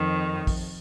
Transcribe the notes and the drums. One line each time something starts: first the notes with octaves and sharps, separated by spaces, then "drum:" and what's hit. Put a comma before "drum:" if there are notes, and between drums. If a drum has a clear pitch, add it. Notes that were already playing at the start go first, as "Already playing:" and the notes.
Already playing: F2 D#3
drum: kick, open hi-hat